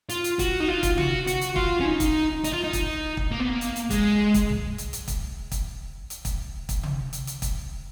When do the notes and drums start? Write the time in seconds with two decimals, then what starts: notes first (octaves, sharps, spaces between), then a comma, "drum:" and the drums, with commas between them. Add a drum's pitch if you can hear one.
0.09 F4, drum: hi-hat
0.24 drum: hi-hat
0.39 F#4, drum: kick, hi-hat
0.60 D#4
0.68 F4
0.83 drum: kick, hi-hat
0.98 F#4, drum: tom
1.27 F#4, drum: hi-hat
1.41 drum: hi-hat
1.56 F4, drum: kick
1.80 C#4
1.85 D#4
2.00 drum: kick, hi-hat
2.44 D#4, drum: hi-hat
2.53 F4
2.64 D#4
2.73 drum: kick, hi-hat
3.17 drum: kick
3.32 A#3
3.40 B3
3.49 A#3
3.61 drum: hi-hat
3.76 drum: hi-hat
3.91 G#3, drum: kick, hi-hat
4.34 drum: kick, hi-hat
4.49 drum: tom
4.78 drum: hi-hat
4.93 drum: hi-hat
5.08 drum: kick, hi-hat
5.52 drum: kick, hi-hat
6.10 drum: hi-hat
6.25 drum: kick, hi-hat
6.69 drum: kick, hi-hat
6.83 drum: tom
7.13 drum: hi-hat
7.27 drum: hi-hat
7.42 drum: kick, hi-hat